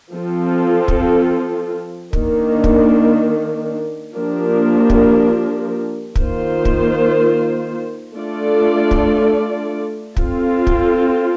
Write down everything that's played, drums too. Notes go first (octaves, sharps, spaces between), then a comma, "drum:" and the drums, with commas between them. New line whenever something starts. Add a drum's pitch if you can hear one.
F3 C4 F4 A4
drum: kick
D#3 A#3 D4, drum: kick
drum: kick
F3 A#3 D4 G4 A#4
drum: kick
D#3 A#3 F4 C5, drum: kick
drum: kick
A3 D4 F4 A4 D5
drum: kick
C4 F4 A4, drum: kick
drum: kick